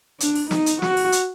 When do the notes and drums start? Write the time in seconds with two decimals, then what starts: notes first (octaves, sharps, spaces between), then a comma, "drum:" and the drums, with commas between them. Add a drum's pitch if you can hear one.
0.20 D4, drum: hi-hat
0.35 drum: open hi-hat
0.51 D#4, drum: snare
0.66 drum: hi-hat
0.82 F#4, drum: snare
0.97 drum: open hi-hat
1.12 drum: hi-hat